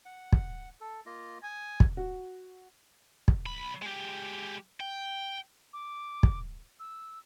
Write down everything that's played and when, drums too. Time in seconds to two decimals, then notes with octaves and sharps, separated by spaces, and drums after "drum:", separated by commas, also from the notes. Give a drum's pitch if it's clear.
0.05 F#5
0.33 drum: kick
0.81 A4
1.06 A#3 F4 D#5
1.43 G#5 D#6
1.80 drum: kick
1.97 F#4
3.28 drum: kick
3.46 B1 B5
3.82 G#3 G4
4.80 G5
5.73 D6
6.23 drum: kick
6.80 E6